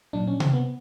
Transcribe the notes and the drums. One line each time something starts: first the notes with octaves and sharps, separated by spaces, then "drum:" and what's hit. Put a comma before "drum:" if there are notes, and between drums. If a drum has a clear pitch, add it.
A#2 F#3 D4
C#4
C4, drum: tom C3
B3